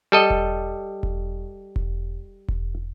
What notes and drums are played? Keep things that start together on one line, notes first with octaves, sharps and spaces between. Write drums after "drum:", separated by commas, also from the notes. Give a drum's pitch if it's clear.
G3 A4 D#5
drum: kick E1
drum: kick E1
drum: kick E1
drum: kick E1